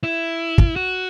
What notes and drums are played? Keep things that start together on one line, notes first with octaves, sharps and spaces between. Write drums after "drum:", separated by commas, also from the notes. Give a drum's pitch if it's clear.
E4
drum: kick
F#4